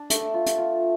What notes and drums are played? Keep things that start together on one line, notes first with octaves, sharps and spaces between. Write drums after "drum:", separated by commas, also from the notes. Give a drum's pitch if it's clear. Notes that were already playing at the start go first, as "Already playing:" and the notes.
Already playing: D4 A5
A3, drum: hi-hat
F4
drum: hi-hat
F4